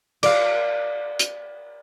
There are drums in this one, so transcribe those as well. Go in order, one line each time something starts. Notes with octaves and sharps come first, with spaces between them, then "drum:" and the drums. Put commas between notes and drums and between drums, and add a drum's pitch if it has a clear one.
D5 F5, drum: cymbal
drum: hi-hat